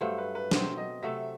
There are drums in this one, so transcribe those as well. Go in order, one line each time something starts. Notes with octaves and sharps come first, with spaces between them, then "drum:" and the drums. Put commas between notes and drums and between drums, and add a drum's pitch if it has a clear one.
G2 F#3 A3 C5
B4
B4
B2 F#3 C4 C5, drum: snare
D#5
C3 F#3 A3 E5